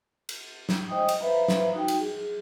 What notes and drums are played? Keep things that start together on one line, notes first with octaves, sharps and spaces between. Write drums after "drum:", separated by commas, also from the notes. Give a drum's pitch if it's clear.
drum: cymbal
drum: snare
G#3 C5 D#5 G5 D#6
drum: cymbal
B4 C5 E5 F5 A#5 B5
drum: snare
D#4 F#4 G5
drum: cymbal
G#4